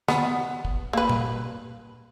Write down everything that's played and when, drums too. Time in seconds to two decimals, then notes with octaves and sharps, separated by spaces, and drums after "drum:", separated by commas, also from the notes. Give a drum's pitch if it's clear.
0.08 B3, drum: snare
0.65 drum: kick
0.93 A#3 B4
1.09 drum: tom A#2